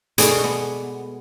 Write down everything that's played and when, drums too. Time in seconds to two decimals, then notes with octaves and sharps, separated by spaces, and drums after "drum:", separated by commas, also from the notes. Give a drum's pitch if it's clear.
0.18 B2 G#3 A3 B3 G#4 D5, drum: hi-hat
0.44 B3